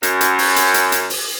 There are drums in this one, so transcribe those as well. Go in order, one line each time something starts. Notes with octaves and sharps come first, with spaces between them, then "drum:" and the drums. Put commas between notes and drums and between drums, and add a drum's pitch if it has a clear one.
F#2, drum: hi-hat
drum: hi-hat
drum: open hi-hat
drum: hi-hat
drum: hi-hat
drum: hi-hat
drum: open hi-hat